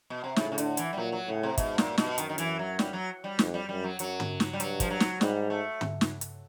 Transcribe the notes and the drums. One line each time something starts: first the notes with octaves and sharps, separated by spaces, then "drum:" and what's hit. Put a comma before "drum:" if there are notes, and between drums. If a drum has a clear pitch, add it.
B2
C3
A2 C#3, drum: snare
C#3
D3, drum: hi-hat
E3, drum: hi-hat
G3
A#2 F#3
F#3
A2 C#3
C3
G#2 B2, drum: kick, hi-hat
A#2, drum: snare
G2
B2, drum: snare
F#2 D#3, drum: hi-hat
D#3
E3, drum: hi-hat
F#3
G3, drum: snare
F#3
G3
F2, drum: snare
G3
F#2 G3
F#3
F#2 F#3, drum: hi-hat
drum: tom
drum: snare
G3
G2 F#3, drum: hi-hat
F3, drum: kick, hi-hat
F#3
drum: snare
G#2 G3, drum: snare
A3
drum: tom
drum: snare
drum: hi-hat